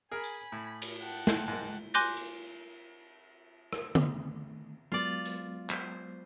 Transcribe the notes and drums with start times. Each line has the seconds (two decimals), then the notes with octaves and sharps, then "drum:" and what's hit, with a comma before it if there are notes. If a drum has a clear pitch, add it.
0.12 G#4 A#4 G#5 B5
0.24 drum: tambourine
0.52 A2
0.82 drum: cymbal
1.01 F#5 G5 A5
1.27 drum: snare
1.48 G#2 A#3
1.94 G#5 C6 D6 F#6 G6 A#6, drum: cymbal
2.17 drum: hi-hat
3.73 drum: rim click
3.95 D#3 A3, drum: tom D3
4.92 F#3 G#3 B3 F4 D5
5.26 drum: hi-hat
5.70 C5, drum: clap